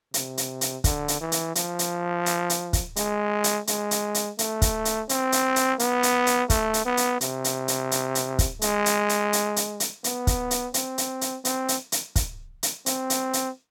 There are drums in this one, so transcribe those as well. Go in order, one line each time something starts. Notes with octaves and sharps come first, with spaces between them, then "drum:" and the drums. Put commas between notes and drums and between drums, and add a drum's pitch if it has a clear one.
C3, drum: hi-hat
drum: hi-hat
drum: hi-hat
D3, drum: kick, hi-hat
drum: hi-hat
E3
drum: hi-hat
F3, drum: hi-hat
drum: hi-hat
drum: hi-hat
drum: hi-hat
drum: kick, hi-hat
G#3, drum: hi-hat
drum: hi-hat
G#3, drum: hi-hat
drum: hi-hat
drum: hi-hat
A3, drum: hi-hat
drum: kick, hi-hat
drum: hi-hat
C4, drum: hi-hat
drum: hi-hat
drum: hi-hat
B3, drum: hi-hat
drum: hi-hat
drum: hi-hat
A3, drum: kick, hi-hat
drum: hi-hat
B3
drum: hi-hat
C3, drum: hi-hat
drum: hi-hat
drum: hi-hat
drum: hi-hat
drum: hi-hat
drum: kick, hi-hat
G#3, drum: hi-hat
drum: hi-hat
drum: hi-hat
drum: hi-hat
drum: hi-hat
drum: hi-hat
B3, drum: hi-hat
drum: kick, hi-hat
drum: hi-hat
C4, drum: hi-hat
drum: hi-hat
drum: hi-hat
C4, drum: hi-hat
drum: hi-hat
drum: hi-hat
drum: kick, hi-hat
drum: hi-hat
C4, drum: hi-hat
drum: hi-hat
drum: hi-hat